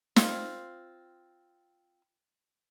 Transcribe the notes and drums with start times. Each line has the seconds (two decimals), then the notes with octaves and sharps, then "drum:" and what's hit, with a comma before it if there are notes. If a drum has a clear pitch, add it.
0.16 C4 F4, drum: snare